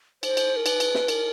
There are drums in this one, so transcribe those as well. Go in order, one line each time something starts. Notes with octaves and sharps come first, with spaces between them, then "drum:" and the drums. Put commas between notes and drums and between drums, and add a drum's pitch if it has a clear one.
C5, drum: cymbal
drum: cymbal
A#4
B4, drum: cymbal
drum: cymbal
drum: snare
A#4, drum: cymbal